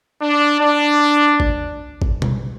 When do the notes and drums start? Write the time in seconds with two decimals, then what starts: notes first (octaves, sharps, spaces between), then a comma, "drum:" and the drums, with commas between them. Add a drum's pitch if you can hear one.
0.22 D4
0.60 D4
1.40 drum: kick
2.02 drum: kick
2.22 drum: tom B2